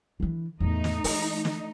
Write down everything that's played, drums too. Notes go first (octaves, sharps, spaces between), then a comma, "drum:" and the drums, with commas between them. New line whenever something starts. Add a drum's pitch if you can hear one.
D3 E3
E2 A2 A3 D#4
drum: snare
E3, drum: open hi-hat
drum: snare